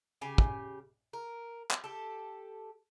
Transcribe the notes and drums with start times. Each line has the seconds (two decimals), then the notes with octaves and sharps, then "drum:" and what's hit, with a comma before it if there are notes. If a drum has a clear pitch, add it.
0.21 C#3 G4 G#5
0.38 drum: kick
1.13 A#4
1.71 drum: clap
1.84 G4 A4